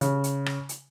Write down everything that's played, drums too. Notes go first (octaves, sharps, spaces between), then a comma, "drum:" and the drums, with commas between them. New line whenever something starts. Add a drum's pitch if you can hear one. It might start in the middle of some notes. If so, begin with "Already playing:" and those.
C#3, drum: hi-hat
drum: hi-hat
drum: rim click
drum: hi-hat